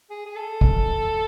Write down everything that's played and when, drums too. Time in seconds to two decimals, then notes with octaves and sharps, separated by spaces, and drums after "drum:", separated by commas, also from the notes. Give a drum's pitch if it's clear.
0.10 G#4
0.26 G#4
0.36 A4
0.61 drum: kick